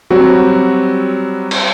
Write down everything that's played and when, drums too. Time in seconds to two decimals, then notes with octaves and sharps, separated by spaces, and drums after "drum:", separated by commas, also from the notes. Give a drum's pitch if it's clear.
0.10 F#3 G3 C4 F#4
1.51 drum: cymbal